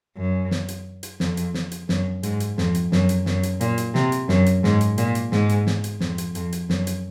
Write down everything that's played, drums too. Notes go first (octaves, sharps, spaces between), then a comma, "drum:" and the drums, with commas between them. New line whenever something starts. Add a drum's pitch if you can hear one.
F#2
drum: snare
drum: hi-hat
drum: hi-hat
F2, drum: snare
drum: hi-hat
drum: snare
drum: hi-hat
F#2, drum: snare
G#2, drum: hi-hat
drum: hi-hat
F2, drum: snare
drum: hi-hat
F#2, drum: snare
drum: hi-hat
F#2, drum: snare
drum: hi-hat
A#2, drum: hi-hat
drum: hi-hat
C3, drum: snare
drum: hi-hat
F#2, drum: snare
drum: hi-hat
G#2, drum: snare
drum: hi-hat
A#2, drum: hi-hat
drum: hi-hat
G#2, drum: snare
drum: hi-hat
drum: snare
drum: hi-hat
F2, drum: snare
drum: hi-hat
F2, drum: hi-hat
drum: hi-hat
F#2, drum: snare
drum: hi-hat